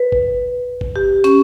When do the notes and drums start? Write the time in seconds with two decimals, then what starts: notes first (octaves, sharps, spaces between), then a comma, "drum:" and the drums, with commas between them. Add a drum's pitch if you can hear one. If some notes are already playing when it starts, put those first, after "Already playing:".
Already playing: B4
0.12 drum: kick
0.81 drum: kick
0.96 G4
1.24 C#4, drum: hi-hat